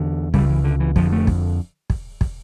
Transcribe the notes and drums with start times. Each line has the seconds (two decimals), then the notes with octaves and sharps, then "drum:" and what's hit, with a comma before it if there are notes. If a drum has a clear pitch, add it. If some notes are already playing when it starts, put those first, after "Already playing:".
Already playing: E2 D3
0.34 C#2 C#3 G3, drum: kick
0.50 E3
0.64 D3
0.80 E3
0.96 F2 D3 F3, drum: kick
1.12 A3
1.27 drum: kick
1.90 drum: kick
2.21 drum: kick